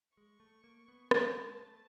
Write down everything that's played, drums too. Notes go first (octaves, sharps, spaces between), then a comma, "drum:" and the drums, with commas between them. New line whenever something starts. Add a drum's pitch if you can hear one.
G#3 C#6
A3
A#3
B3
A3 G#5, drum: rim click
G3
G#3
A5
A3